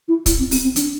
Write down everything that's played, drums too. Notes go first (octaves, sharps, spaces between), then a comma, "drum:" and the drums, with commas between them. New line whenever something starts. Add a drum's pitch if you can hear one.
E4
E4, drum: kick, hi-hat
C4
C4, drum: open hi-hat
C4
D4, drum: hi-hat